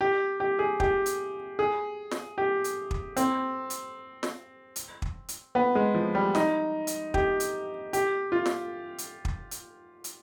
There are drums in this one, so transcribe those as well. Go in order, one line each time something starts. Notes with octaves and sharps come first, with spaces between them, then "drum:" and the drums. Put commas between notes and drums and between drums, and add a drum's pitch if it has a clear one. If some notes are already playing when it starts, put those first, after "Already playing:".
G4
G4
G#4
G4, drum: kick
drum: hi-hat
G#4
drum: snare
G4
drum: hi-hat
drum: kick
C4, drum: hi-hat
drum: hi-hat
drum: snare
drum: hi-hat
drum: kick
drum: hi-hat
B3
G#3
F3
G3
D#4, drum: snare
drum: hi-hat
G4, drum: kick
drum: hi-hat
G4, drum: hi-hat
F4
drum: snare
drum: hi-hat
drum: kick
drum: hi-hat
drum: hi-hat